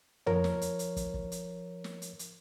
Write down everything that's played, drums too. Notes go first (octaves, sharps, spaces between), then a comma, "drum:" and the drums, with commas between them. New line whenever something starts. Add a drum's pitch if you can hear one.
F3 A#4 C#5, drum: tom
drum: snare
drum: hi-hat
drum: hi-hat
drum: kick, hi-hat
drum: kick
drum: hi-hat
drum: snare
drum: hi-hat
drum: hi-hat